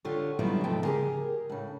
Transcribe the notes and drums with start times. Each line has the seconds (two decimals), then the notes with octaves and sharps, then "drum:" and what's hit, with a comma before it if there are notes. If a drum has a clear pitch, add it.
0.05 D3 F4 G4 C#5
0.39 C#3 F#3 G3 B3 E4 F4
0.64 D#2 G#2 C3 F3 A3 G5
0.83 G4 G#4 A#4, drum: tom C#3
1.49 A2 C#3